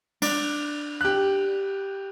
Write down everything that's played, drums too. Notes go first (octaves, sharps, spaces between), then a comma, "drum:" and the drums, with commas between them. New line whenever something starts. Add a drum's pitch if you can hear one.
D4, drum: cymbal
G4 F#6